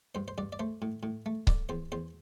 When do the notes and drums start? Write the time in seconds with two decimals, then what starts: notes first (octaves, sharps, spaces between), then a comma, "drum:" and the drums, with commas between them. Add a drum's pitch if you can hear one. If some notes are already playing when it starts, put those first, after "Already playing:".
0.15 G2 C5
0.28 C5
0.38 G2 D5
0.53 D5
0.59 A3 C5
0.82 A2
1.03 A2
1.26 A3
1.47 D3 D5, drum: kick C#1
1.69 E2 C5
1.92 E2 C5